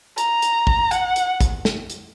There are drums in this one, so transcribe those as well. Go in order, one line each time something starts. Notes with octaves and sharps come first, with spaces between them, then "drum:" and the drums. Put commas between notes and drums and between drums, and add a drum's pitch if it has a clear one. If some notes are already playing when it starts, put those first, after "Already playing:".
A#5, drum: hi-hat
drum: hi-hat
drum: kick A1
F#5, drum: hi-hat
drum: hi-hat
drum: kick A1, hi-hat
drum: snare
drum: hi-hat